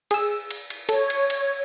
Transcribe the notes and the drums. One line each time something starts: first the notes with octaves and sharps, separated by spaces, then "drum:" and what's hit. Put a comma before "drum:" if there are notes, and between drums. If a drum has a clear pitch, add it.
G#4 E6, drum: cymbal
drum: cymbal
drum: cymbal
A4 C#5, drum: cymbal
drum: cymbal
drum: cymbal